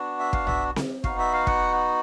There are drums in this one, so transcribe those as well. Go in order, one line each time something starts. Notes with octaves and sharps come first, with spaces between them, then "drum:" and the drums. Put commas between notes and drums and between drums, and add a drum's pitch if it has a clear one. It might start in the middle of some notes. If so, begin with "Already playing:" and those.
Already playing: B3 D4 F#4
E5
F5, drum: kick
E5, drum: tom A#1
drum: snare C4
B3 D#4 F#4 F5, drum: kick
E5
F5
F#5, drum: kick